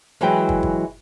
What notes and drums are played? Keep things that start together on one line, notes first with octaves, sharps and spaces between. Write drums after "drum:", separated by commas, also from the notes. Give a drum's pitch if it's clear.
E3 F#3 G#3 E4 B4 G5
drum: kick
drum: kick